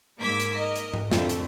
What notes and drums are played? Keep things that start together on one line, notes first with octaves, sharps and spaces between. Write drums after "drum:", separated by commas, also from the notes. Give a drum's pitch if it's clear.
G#2 A#3 D6 E6 G#6 B6
drum: hi-hat
A#4 D#5
drum: hi-hat
drum: tom G#2
F2 D3 A3, drum: snare
drum: hi-hat